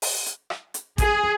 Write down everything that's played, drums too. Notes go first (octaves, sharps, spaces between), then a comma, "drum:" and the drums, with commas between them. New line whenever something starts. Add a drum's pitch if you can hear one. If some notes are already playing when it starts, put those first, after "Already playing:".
drum: open hi-hat
drum: hi-hat
drum: rim click
drum: hi-hat
G#4, drum: kick A1, hi-hat